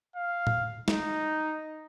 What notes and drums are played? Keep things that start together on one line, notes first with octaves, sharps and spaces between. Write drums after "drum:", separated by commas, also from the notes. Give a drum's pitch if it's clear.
F5
drum: tom A2
D#4, drum: snare